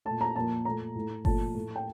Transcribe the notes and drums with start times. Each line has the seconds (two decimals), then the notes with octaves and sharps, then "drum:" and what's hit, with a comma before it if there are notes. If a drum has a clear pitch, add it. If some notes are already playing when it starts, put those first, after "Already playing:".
0.05 A#2 A3 A5
0.21 A#5
0.36 A#2 F3 A#3 A5
0.65 A#2 A3 A#5
0.95 A2 A3
1.25 A#2 F3 A3 A5, drum: kick G1
1.55 A2 A3
1.76 G5